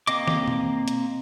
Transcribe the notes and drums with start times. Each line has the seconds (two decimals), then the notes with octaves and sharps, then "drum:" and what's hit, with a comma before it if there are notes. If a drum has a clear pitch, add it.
0.07 A#3 C4 D#5 D6, drum: hi-hat
0.27 drum: snare
0.48 drum: tom B2
0.88 drum: hi-hat